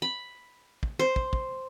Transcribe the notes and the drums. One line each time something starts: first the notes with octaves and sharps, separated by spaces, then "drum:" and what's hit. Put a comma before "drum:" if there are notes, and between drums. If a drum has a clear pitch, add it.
B5
drum: kick
C5
drum: kick
drum: kick